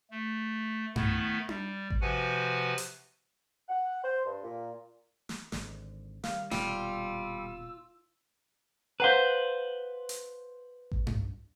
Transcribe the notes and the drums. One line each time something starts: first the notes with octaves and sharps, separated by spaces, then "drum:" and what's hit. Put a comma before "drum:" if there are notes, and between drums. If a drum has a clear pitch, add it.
A3
D#3 A3 B3 E4, drum: tom G2
G3, drum: tom D4
drum: kick G#1
C3 F3 F#4 B4 F#5 G#5
drum: hi-hat
F#5
C5
G2
A#2
drum: snare
G#1 D3, drum: snare
D#3 G3 F5, drum: snare
D#1 B2 G3 F4 E6, drum: snare
B4 C5 F5 F#5 A#5
drum: hi-hat
drum: kick G#1
drum: tom G2